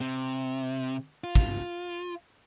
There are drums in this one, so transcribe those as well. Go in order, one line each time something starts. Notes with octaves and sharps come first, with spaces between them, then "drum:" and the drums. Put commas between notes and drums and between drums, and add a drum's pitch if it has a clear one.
C3
F4
drum: kick